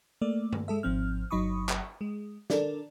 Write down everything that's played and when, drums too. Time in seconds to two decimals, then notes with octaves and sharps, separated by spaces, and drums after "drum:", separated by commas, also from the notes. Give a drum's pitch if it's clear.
0.22 A3 A#3 D5
0.53 drum: tom G2
0.68 G#3 A4 E5
0.83 G#1 F3 C4 F6
1.31 G1 F#3 D#4 B5 C#6 D#6
1.69 drum: clap
2.01 G#3
2.50 D4 A4 A#4 D5, drum: snare